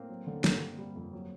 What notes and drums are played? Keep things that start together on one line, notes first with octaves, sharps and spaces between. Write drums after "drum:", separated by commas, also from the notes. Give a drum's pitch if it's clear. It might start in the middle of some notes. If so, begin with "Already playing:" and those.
Already playing: A2 A#3 C4
F#3
D3
G2, drum: snare
G3
G3
F2
F#3